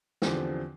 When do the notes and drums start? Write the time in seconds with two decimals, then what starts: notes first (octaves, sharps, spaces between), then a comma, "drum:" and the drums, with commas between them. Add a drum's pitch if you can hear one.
0.22 E2 D3 F3 C4 G4, drum: snare